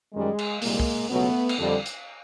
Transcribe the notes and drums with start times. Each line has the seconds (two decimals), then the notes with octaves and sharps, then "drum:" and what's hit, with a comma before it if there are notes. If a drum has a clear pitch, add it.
0.13 F#2 D#3 G3 G#3
0.39 drum: cymbal
0.62 C2 A#2 G3 G#3 A#3, drum: open hi-hat
0.80 drum: kick
1.10 C#2 B2 F#3 A3 B3
1.49 drum: cymbal
1.59 F2 D3 G3
1.86 drum: hi-hat